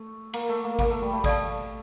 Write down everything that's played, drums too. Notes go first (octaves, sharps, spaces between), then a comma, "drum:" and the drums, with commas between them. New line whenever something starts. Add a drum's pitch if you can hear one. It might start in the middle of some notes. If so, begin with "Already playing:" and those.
Already playing: A3
A#3, drum: cymbal
A3
A#3
A#3, drum: kick G#1, cymbal
A3
G3
A3
A4 D5 F5 A5, drum: kick G#1, cymbal